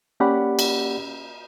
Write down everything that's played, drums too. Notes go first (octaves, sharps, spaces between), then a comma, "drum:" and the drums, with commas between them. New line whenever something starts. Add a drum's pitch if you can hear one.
A#3 C#4 G4 D5 F#5 B5
drum: cymbal